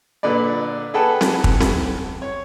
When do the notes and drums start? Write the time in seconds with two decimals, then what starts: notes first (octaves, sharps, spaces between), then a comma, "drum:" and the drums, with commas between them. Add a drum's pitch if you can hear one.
0.23 A#2 D3 B4 D5
0.94 G#4 A4 B4 F#5 G5 A5
1.21 drum: snare C4
1.44 drum: kick
1.61 drum: snare C4
2.22 C#5